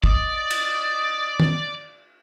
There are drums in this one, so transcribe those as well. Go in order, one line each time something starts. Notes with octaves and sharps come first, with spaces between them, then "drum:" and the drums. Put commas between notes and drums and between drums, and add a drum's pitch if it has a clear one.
D5 D#5, drum: kick
drum: cymbal
drum: tom